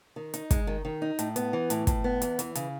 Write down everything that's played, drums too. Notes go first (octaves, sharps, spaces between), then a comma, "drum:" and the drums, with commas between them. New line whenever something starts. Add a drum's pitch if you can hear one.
D#3
D#4, drum: hi-hat
G#3, drum: kick, hi-hat
D#3
D#3
D#4
A2, drum: hi-hat
B3, drum: hi-hat
E3
A2, drum: hi-hat
A2, drum: kick, hi-hat
B3
E2, drum: hi-hat
E3, drum: hi-hat
C#3, drum: hi-hat